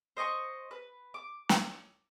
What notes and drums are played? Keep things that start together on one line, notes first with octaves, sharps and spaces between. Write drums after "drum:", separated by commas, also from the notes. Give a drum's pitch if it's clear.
C5 D#5 A5 C#6
B4
D6
drum: snare